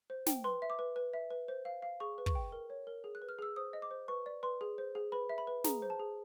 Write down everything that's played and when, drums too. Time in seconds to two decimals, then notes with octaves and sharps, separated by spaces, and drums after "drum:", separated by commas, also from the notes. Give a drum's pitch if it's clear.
0.10 C5
0.26 G5, drum: snare
0.44 B4 C6
0.62 E5
0.70 D6
0.79 B4
0.96 B4
1.13 E5
1.31 B4
1.48 C5
1.65 F5
1.82 F5
2.00 G#4 C#6
2.18 B4
2.26 C#6, drum: kick
2.35 G5
2.52 A#4
2.70 C#5
2.87 A#4
3.04 G#4
3.15 F#6
3.22 B4
3.29 F6
3.39 G#4 E6
3.56 C5 D#6
3.73 D#5
3.82 D6
3.91 C5
4.08 B4 C#6
4.26 D5
4.43 B4 C6
4.61 G#4
4.78 C5
4.95 G#4
5.12 B4 B5
5.29 E5
5.38 B5
5.47 B4
5.64 G#4 A#5, drum: snare
5.82 C5
5.90 A5
6.00 G#4